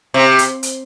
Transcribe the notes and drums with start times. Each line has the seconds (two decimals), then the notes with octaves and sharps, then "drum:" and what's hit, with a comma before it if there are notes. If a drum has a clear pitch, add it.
0.14 C3
0.39 drum: hi-hat
0.63 drum: hi-hat